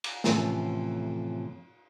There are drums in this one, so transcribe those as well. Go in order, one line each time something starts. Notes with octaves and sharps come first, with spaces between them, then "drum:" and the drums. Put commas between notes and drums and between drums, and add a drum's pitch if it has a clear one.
drum: cymbal
A2 C3 E3 F3 A3 C#4, drum: snare